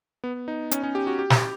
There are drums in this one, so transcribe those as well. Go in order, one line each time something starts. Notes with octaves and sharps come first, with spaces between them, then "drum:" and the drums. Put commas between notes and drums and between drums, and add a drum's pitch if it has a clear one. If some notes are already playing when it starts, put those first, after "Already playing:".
B3
D#4
C#4, drum: hi-hat
C#4
G4
F#4
G4
drum: snare